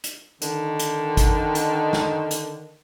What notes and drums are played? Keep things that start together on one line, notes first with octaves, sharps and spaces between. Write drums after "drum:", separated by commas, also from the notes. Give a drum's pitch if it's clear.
drum: hi-hat
D3 D#3, drum: hi-hat
drum: hi-hat
drum: kick G#1, hi-hat
drum: hi-hat
drum: snare
drum: hi-hat